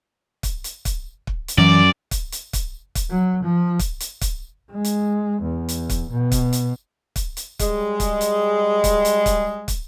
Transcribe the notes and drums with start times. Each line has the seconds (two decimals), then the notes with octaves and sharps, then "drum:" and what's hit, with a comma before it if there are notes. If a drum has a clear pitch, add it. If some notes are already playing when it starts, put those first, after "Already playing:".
0.43 drum: kick, hi-hat
0.64 drum: hi-hat
0.85 drum: kick, hi-hat
1.27 drum: kick
1.48 drum: hi-hat
1.58 F#2 E3 D5
2.11 drum: kick, hi-hat
2.32 drum: hi-hat
2.53 drum: kick, hi-hat
2.95 drum: kick, hi-hat
3.10 F#3
3.42 F3
3.79 drum: kick, hi-hat
4.00 drum: hi-hat
4.21 drum: kick, hi-hat
4.71 G#3
4.84 drum: hi-hat
5.42 E2
5.69 drum: hi-hat
5.90 drum: kick, hi-hat
6.11 B2
6.32 drum: kick, hi-hat
6.53 drum: hi-hat
7.16 drum: kick, hi-hat
7.37 drum: hi-hat
7.59 G3 G#3, drum: kick, hi-hat
8.00 drum: kick, hi-hat
8.21 drum: hi-hat
8.84 drum: kick, hi-hat
9.05 drum: hi-hat
9.26 drum: kick, hi-hat
9.68 drum: kick, hi-hat